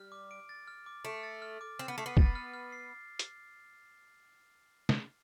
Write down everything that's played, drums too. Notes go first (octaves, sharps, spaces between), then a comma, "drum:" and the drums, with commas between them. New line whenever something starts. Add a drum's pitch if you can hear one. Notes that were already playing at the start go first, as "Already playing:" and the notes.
Already playing: G3 F6
D6
D7
A6
F6
D6
A3 D7
A6
F6
D6
C4 F6
B3
A3 C7
B3
A6, drum: kick
F6
F6
C7
drum: hi-hat
drum: snare